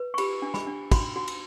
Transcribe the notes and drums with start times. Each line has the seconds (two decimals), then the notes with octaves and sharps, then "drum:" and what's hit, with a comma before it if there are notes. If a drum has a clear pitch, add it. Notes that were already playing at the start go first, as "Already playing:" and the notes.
Already playing: B4
0.14 C#6
0.18 G4 B5, drum: cymbal
0.42 D4
0.54 B5, drum: snare
0.67 D4
0.91 F#4 B5, drum: kick, cymbal
1.16 F#4
1.28 drum: cymbal